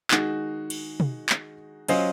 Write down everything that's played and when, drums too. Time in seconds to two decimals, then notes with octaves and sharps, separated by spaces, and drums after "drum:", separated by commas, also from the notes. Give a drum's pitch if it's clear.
0.11 D#3 G#3 D#4 F#4, drum: clap
0.70 drum: cymbal
1.00 drum: tom
1.29 drum: clap
1.88 F#3 C#4 F4 C5 D#5, drum: cymbal